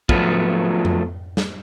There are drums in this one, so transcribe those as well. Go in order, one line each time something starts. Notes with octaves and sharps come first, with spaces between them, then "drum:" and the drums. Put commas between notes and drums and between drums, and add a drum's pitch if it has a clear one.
F3 F#3 A3 B3 F4, drum: kick
drum: tom F2
drum: snare